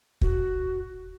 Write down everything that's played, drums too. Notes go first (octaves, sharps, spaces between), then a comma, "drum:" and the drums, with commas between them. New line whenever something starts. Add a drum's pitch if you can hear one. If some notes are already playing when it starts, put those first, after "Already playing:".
F#4, drum: kick